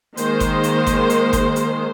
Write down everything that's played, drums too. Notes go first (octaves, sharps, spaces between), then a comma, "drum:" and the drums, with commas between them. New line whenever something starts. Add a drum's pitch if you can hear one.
D#3 G#3 A#3 C5, drum: hi-hat
drum: kick G1, hi-hat
drum: hi-hat
drum: kick G1, hi-hat
drum: hi-hat
drum: kick G1, hi-hat
drum: hi-hat